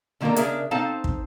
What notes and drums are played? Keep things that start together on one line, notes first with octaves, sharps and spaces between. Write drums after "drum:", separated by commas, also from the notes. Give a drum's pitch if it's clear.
D3 D#3 A#3 G4 A4 A#4
C#3 D4 G#4 A#4 E5, drum: hi-hat
C4 D#4 A4 C5 F5 A5
drum: kick